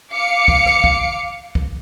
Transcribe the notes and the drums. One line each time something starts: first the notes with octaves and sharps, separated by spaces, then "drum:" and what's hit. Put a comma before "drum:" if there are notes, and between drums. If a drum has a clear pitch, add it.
F5 D6 C#7
drum: kick
drum: rim click
drum: kick
drum: kick